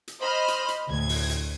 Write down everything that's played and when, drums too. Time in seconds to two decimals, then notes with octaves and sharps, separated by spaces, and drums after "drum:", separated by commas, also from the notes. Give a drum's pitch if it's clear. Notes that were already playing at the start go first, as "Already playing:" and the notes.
0.08 drum: hi-hat
0.20 C5 D#5 B5 F6
0.48 drum: hi-hat
0.68 drum: hi-hat
0.89 D2 A2 G#6
1.09 drum: open hi-hat
1.29 drum: hi-hat